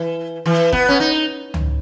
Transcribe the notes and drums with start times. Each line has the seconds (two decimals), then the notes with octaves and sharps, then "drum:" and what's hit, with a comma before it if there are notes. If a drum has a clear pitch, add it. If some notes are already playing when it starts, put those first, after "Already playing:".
Already playing: E3
0.46 E3
0.72 B3, drum: kick
0.88 C#4
1.00 D#4
1.54 drum: tom C#2